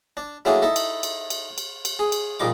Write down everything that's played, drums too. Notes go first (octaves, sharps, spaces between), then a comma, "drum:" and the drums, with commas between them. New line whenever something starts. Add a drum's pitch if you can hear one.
D4
F#3 A3 A#3 D4 E4 G#4
D#4 E4 A4
drum: cymbal
drum: cymbal
drum: cymbal
drum: cymbal
drum: cymbal
G#4
drum: cymbal
A#1 A#2 G3 D#4 D6